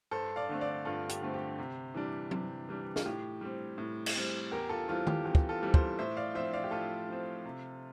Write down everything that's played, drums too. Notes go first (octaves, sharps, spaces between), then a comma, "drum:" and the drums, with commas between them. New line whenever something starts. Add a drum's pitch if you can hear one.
G2 A4 C5
D5 F5
D3 A3 C4
D5 F5
G2 F4 A4
G4, drum: hi-hat
D3 A3 C4
G4
C3
E3 G3 D4
C3, drum: tom F#3
E3 G3 D4
F4, drum: snare
A2 G4
G3 C4
A2
drum: cymbal
G3 C4
E2 G4 A#4
F4 A4
E3 G3 C4 F4
G4, drum: tom D#3
E2 G4
drum: kick
F4 A4
E3 G3 C4
A4 C5, drum: kick
A2 C5 E5
D5 F5
F3 C4 C5 E5
D5 F5
G4
A2 F4 A4
F3 C4
C3